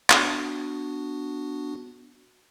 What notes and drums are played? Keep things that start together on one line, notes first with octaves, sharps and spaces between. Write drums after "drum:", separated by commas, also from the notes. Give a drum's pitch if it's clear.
B3 D4 F#4, drum: clap